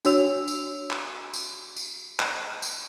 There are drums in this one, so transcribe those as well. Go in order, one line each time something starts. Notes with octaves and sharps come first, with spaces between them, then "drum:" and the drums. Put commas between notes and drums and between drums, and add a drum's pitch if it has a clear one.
D4 F#4 C#5 E6 F7, drum: tambourine
drum: tambourine
drum: clap
drum: tambourine
drum: tambourine
drum: clap
drum: tambourine